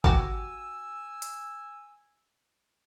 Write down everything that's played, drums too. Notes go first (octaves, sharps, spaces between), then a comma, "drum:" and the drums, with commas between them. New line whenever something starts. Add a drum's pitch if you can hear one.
F#4 G4 G#5 E6, drum: kick G#1
drum: hi-hat